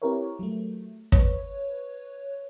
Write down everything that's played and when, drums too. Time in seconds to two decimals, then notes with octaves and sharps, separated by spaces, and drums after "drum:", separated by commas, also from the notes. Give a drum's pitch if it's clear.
0.02 C4 E4 G4 A#4 B4 C#5
0.39 F#3 A3
1.12 B4 C#5, drum: kick